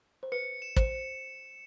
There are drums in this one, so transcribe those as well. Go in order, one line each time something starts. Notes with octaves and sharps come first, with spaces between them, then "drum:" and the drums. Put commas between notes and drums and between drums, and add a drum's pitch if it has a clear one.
C5
B4 C#7
E7
C5, drum: kick